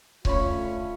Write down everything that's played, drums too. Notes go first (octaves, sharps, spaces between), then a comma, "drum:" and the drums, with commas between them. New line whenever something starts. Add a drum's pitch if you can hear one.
D3 A3 C#4 F4 C#5 B5, drum: kick C#1